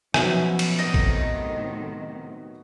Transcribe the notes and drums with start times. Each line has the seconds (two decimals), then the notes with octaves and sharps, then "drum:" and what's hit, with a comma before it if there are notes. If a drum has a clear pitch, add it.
0.14 B2 F3 F#3 B3 C#4 E5, drum: rim click
0.59 drum: cymbal
0.79 A2 C3 D#3 D#4
0.94 drum: kick